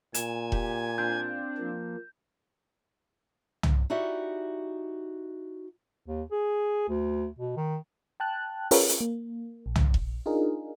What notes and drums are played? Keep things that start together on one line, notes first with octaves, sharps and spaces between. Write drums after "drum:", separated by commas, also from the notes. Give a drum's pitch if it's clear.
A#2 G#5 G#6 E7, drum: hi-hat
G4, drum: kick E1
C4 D4 F4 G6
F3 A#3
drum: tom
D#4 E4 F#4 G4 D5 E5
D#2
G#4
D2
B2
D#3
G5 A5 F#6
C#4 F4 G#4 A#4 B4 C#5, drum: open hi-hat
drum: hi-hat
A#3
A#1
drum: tom
drum: kick E1
D4 D#4 F4 G#4 A#4